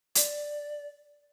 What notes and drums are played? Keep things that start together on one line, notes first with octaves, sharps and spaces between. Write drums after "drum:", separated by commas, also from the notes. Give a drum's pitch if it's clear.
D5, drum: hi-hat